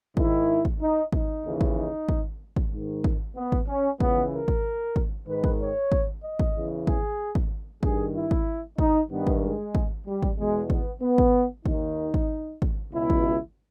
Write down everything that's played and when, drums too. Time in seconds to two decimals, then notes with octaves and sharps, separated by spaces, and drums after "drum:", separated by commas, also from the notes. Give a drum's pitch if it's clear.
0.17 G#2 D#3 E4, drum: kick G#1
0.65 drum: kick G#1
0.81 D#4
1.12 D#4, drum: kick G#1
1.44 D#2 C#3 E3
1.61 drum: kick G#1
1.77 D#4
2.09 drum: kick G#1
2.56 drum: kick G#1
2.72 G#2 D#3
3.04 drum: kick G#1
3.36 B3
3.52 drum: kick G#1
3.68 C#4
4.00 C#2 C#3 E3 B3, drum: kick G#1
4.32 A#4
4.48 drum: kick G#1
4.96 drum: kick G#1
5.28 G#2 D#3 B4
5.44 drum: kick G#1
5.60 C#5
5.92 drum: kick G#1
6.23 D#5
6.39 drum: kick G#1
6.56 E2 C#3 E3
6.87 G#4, drum: kick G#1
7.35 drum: kick G#1
7.83 G2 D#3 G#4, drum: kick G#1
8.15 E4
8.31 drum: kick G#1
8.78 D#4, drum: kick G#1
9.11 G2 D#3 B3
9.27 drum: kick G#1
9.43 G#3
9.75 drum: kick G#1
10.07 G3
10.22 drum: kick G#1
10.38 E2 B2 G#3
10.70 B3, drum: kick G#1
11.02 B3
11.18 drum: kick G#1
11.66 D#2 D#3 D#4, drum: kick G#1
12.14 drum: kick G#1
12.62 drum: kick G#1
12.93 C#2 B2 E4
13.10 drum: kick G#1